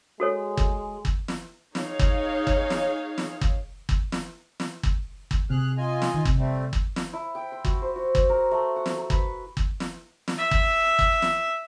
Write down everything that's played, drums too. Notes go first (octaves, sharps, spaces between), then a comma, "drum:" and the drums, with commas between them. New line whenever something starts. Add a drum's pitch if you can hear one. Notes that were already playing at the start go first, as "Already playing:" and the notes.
G#3 F#4 A4 C#5
drum: kick
drum: kick
drum: snare
D#4 G#4 C#5 F5, drum: snare
drum: kick
drum: kick
drum: snare
drum: snare
drum: kick
drum: kick
drum: snare
drum: snare
drum: kick
drum: kick
C3 C4 G#4 F6 F#6
F4 D#5 G#5
drum: snare
D#3
C3, drum: kick
G3 A3 C4
drum: kick
drum: snare
E4
G5
C6
F#4, drum: kick
C5
F#4
drum: kick
A#4
A3
F#5
drum: snare
A#5
B4, drum: kick
drum: kick
drum: snare
drum: snare
E5
drum: kick
drum: kick
drum: snare